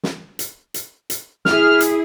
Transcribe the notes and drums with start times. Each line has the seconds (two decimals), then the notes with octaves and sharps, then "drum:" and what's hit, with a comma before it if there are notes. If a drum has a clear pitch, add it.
0.03 drum: snare
0.39 drum: hi-hat
0.74 drum: hi-hat
1.10 drum: hi-hat
1.45 E4 G#4 F6, drum: snare
1.80 drum: hi-hat